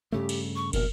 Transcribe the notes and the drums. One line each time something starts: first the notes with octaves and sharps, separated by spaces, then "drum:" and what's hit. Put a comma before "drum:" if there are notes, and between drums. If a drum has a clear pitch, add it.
G2 C#3 A3 G4
drum: cymbal
C#6
E1 A#1 B2 A#4, drum: kick, cymbal